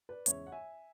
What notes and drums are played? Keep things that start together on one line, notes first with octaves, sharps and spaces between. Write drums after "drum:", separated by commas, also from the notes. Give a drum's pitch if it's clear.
B4 D5
E2 C#3 G#3 C#5 E5, drum: hi-hat
F#5
E5 G#5